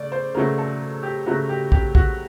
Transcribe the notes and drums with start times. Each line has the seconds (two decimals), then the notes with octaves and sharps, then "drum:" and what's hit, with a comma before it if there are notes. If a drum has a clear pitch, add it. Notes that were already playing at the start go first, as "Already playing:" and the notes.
Already playing: C#3 A3 D5
0.12 C5
0.34 C#3 F#3 A3 A#4
0.58 A4
1.03 G4
1.26 C#3 F#3 A3 F#4
1.49 G4
1.72 G4, drum: kick A#1
1.95 F#4, drum: kick A#1